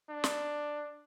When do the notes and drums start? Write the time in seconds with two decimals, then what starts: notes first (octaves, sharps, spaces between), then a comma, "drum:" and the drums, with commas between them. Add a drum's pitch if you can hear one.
0.11 D4
0.24 drum: snare